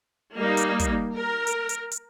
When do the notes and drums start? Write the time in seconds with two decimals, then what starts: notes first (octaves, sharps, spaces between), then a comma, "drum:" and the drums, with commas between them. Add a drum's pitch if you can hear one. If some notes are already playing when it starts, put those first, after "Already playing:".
0.35 G3 A#3 D#4
0.57 drum: hi-hat
0.79 drum: kick, hi-hat
1.16 A#4
1.47 drum: hi-hat
1.69 drum: hi-hat
1.91 drum: hi-hat